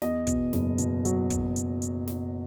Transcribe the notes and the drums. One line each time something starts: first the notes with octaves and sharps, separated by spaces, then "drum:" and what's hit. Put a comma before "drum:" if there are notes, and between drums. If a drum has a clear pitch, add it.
E2 D#5, drum: snare
B2, drum: kick, hi-hat
F#1, drum: snare
B2, drum: hi-hat
F#3, drum: hi-hat
drum: kick, hi-hat
drum: hi-hat
drum: hi-hat
drum: snare